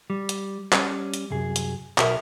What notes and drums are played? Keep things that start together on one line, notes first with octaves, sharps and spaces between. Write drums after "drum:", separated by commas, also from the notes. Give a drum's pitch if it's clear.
G3
drum: hi-hat
G3 C#4, drum: clap
drum: hi-hat
C2 F#2 G#4
drum: hi-hat
B1 A#4 E5, drum: clap